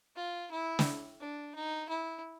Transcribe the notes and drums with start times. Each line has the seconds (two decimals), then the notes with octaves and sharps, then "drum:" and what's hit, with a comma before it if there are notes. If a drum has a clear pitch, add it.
0.16 F4
0.51 E4
0.79 drum: snare
1.20 D4
1.55 D#4
1.89 E4